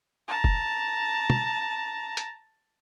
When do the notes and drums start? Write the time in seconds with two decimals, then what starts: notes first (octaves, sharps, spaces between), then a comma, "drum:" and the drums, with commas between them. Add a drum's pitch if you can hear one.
0.28 A5 A#5
0.44 drum: kick F1
1.30 drum: tom
2.17 drum: hi-hat